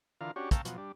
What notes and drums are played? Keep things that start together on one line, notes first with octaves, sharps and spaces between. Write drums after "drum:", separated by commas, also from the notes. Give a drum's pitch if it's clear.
D3 E3 F4 A#4 F5
C#4 D4 F#4 G4 C#5
F5 G5 A5 A#5 C#6 E6, drum: kick, hi-hat
B2 F3 F#3, drum: hi-hat
G3 D4